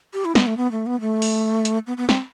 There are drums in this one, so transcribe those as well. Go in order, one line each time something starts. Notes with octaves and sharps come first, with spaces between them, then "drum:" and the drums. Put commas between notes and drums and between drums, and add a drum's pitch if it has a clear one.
G4
E4
B3, drum: snare
A3
B3
A3
B3
A3
drum: open hi-hat
drum: hi-hat
B3
B3
C4, drum: snare